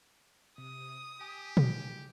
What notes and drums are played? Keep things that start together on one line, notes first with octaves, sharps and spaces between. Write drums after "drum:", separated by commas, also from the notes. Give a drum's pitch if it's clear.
C3 D#6
G4 G#5
drum: tom